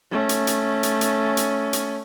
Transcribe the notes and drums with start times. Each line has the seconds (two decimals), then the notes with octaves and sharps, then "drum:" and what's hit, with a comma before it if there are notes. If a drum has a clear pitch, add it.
0.11 A3 C#4
0.29 drum: hi-hat
0.47 drum: hi-hat
0.83 drum: hi-hat
1.01 drum: hi-hat
1.37 drum: hi-hat
1.73 drum: hi-hat